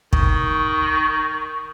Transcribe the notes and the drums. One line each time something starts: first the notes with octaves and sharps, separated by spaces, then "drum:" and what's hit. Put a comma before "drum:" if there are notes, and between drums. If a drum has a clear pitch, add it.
D#3 C#6, drum: kick